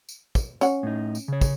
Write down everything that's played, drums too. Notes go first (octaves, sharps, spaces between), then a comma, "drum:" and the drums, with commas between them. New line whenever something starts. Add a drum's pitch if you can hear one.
drum: tambourine
drum: kick, tambourine
C#4 F#5, drum: tambourine
A2 D#4
drum: tambourine
C#3 C#5
drum: kick, tambourine